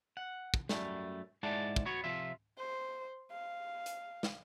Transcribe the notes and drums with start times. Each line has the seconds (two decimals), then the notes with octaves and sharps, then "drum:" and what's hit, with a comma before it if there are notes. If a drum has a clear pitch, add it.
0.17 F#5
0.54 drum: kick
0.69 F#2 G3 A3, drum: snare
1.43 G#2 G#3 E4 D5 F#5 A5
1.76 drum: kick
1.85 B3 F#4 C#5
2.04 C3 F3 F4 E5
2.58 C5
3.31 F5
3.86 drum: hi-hat
4.23 drum: snare